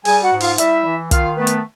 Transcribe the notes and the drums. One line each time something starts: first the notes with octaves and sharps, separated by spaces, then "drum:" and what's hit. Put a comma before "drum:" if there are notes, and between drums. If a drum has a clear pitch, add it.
G3 G#4 G#5, drum: open hi-hat
F#4 F#5
G#2
F4 F5, drum: open hi-hat
G3 E4 E5, drum: hi-hat
E3
D#3 F4 F5, drum: kick, hi-hat
A3 B3 B4
drum: hi-hat